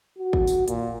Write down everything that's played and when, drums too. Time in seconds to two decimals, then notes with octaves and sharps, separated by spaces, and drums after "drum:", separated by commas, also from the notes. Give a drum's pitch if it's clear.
0.18 F#4
0.33 drum: kick
0.47 drum: tambourine
0.68 A#2, drum: hi-hat